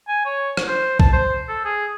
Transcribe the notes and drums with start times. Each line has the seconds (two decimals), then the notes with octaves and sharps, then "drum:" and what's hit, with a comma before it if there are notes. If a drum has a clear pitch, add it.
0.08 G#5
0.26 C#5
0.57 drum: rim click
0.68 C5
1.00 A5, drum: kick B1
1.13 C5
1.49 A4
1.65 G#4